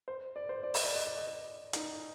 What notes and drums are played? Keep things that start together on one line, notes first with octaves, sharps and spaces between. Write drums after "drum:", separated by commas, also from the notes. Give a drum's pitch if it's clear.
C5
D5
C5
D5
D#5, drum: open hi-hat
D5
D#5
D5
D#5
D5
D#4, drum: hi-hat